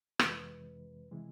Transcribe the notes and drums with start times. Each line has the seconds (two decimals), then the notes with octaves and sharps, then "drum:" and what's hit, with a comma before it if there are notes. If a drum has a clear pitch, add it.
0.19 F2 C3 E3 G#3 B4, drum: rim click
1.11 C3 E3 G#3